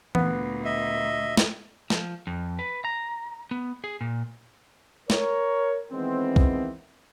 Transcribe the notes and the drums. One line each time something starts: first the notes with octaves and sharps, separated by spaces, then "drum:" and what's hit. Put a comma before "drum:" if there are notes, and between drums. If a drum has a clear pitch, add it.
D2 A#2 B3, drum: tom E3
D#5 E5
drum: snare
F3, drum: snare
F2
B4
A#5
B3
G#4
A#2
A#4 C#5, drum: snare
D#3 E3 G#3 B3 C4
drum: kick